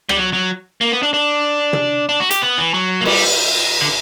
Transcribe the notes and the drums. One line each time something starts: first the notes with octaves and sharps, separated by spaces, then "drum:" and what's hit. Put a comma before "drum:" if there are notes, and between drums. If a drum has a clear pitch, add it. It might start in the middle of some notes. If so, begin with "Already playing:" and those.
G3, drum: rim click
F#3
F#3
A#3
B3
D4
D4
drum: tom
D4
F#4
G4, drum: hi-hat
B3
E3
F#3
A#3
G3, drum: cymbal
D3